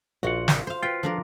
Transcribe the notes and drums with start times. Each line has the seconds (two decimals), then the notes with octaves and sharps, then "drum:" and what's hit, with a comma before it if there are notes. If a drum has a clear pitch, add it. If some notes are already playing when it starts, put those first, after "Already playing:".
0.23 A#1 F4 F#4 F#5
0.48 drum: snare
0.67 C5 F5
0.83 F4 B4 G5
1.03 F3 D4 A#4